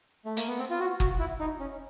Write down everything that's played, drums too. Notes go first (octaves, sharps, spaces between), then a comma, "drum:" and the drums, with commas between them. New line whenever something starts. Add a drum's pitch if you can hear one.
A3
A#3, drum: hi-hat
B3
C4
F4
F#4
F#4, drum: kick F#1
E4
D#4
C#4